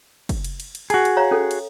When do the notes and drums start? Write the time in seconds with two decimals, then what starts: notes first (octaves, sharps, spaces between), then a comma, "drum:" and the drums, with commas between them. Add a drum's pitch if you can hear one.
0.29 drum: kick, cymbal
0.44 drum: cymbal
0.60 drum: cymbal
0.75 drum: cymbal
0.90 F#4 G#4 A5, drum: cymbal
1.05 drum: cymbal
1.17 C#5 F5 A#5
1.31 C#4 A4
1.51 drum: cymbal